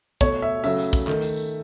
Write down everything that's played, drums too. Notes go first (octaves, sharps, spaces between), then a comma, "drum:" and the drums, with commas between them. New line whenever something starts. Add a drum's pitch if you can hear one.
B2 A3 C#5, drum: kick
E5
C#3 F#3 A3 E5, drum: tambourine
drum: tambourine
drum: kick, tambourine
D#3 A3, drum: clap
drum: tambourine
drum: tambourine